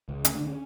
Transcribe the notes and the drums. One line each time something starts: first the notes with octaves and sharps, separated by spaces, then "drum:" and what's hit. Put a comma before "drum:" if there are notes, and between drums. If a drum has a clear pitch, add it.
C#2
D2 C#4, drum: hi-hat
D4
D3
C#4